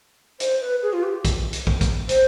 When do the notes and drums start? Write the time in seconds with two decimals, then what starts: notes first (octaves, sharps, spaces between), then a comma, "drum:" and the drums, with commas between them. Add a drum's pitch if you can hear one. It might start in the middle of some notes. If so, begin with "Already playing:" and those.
0.40 C5, drum: hi-hat
0.61 B4
0.83 G#4
0.93 F4
1.03 G4
1.25 drum: kick, hi-hat
1.53 drum: hi-hat
1.67 drum: kick
1.81 drum: kick, hi-hat
2.09 C5, drum: hi-hat